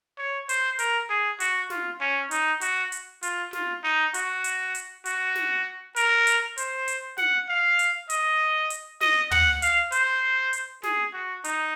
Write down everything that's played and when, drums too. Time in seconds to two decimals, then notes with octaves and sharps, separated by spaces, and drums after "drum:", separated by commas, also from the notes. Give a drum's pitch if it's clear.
0.18 C#5
0.49 C5, drum: hi-hat
0.79 A#4, drum: hi-hat
1.09 G#4
1.40 F#4, drum: hi-hat
1.70 F4, drum: snare
2.01 C#4
2.31 D#4, drum: hi-hat
2.61 F#4, drum: hi-hat
2.92 drum: hi-hat
3.23 F4, drum: hi-hat
3.53 F4, drum: snare
3.84 D#4
4.14 F#4, drum: hi-hat
4.44 drum: hi-hat
4.75 drum: hi-hat
5.05 F#4, drum: hi-hat
5.35 drum: snare
5.96 A#4, drum: hi-hat
6.27 drum: hi-hat
6.58 C5, drum: hi-hat
6.88 drum: hi-hat
7.17 F#5, drum: snare
7.49 F5
7.79 drum: hi-hat
8.10 D#5, drum: hi-hat
8.70 drum: hi-hat
9.01 D#5, drum: snare
9.31 F#5, drum: tom
9.62 F5, drum: hi-hat
9.92 C5, drum: hi-hat
10.53 drum: hi-hat
10.83 G#4, drum: snare
11.13 F#4
11.44 D#4, drum: hi-hat